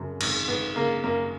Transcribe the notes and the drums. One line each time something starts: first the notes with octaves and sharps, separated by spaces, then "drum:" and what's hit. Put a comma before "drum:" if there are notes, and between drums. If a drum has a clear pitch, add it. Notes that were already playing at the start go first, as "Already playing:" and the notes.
Already playing: F#2 C#3
G#1, drum: cymbal
G#1 B3
C#3 A#3
F#2 A#3